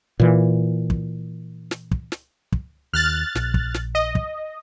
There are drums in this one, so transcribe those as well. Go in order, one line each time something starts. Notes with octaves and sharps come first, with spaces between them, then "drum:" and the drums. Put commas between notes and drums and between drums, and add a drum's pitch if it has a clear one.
A#2 E3
drum: kick
drum: snare
drum: kick
drum: snare
drum: kick
D#2 F6 F#6 A6
A#1, drum: snare
drum: kick
drum: snare
D#5
drum: kick